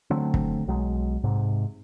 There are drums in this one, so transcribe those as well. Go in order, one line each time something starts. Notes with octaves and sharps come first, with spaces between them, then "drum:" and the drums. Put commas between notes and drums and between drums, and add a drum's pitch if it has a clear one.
D3 F#3 A3 C4
drum: kick
B1 F#3 G#3
G#2 C3